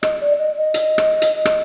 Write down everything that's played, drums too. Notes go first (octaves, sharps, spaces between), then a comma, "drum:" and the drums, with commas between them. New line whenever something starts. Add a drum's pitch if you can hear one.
D#5, drum: rim click
D5
D#5
D#5
drum: hi-hat
drum: rim click
drum: hi-hat
drum: rim click